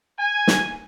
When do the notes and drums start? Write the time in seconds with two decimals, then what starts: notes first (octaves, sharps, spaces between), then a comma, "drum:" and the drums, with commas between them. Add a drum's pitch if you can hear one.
0.19 G#5
0.48 drum: snare